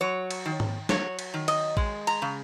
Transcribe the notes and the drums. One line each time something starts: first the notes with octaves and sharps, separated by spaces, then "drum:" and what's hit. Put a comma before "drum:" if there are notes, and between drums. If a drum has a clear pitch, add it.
F#3 C#5
drum: cymbal
D#3
drum: tom G#2
F#3 C#5, drum: snare
drum: cymbal
D#3
D#5, drum: cymbal
G#3, drum: kick A1
A#5, drum: cymbal
C#3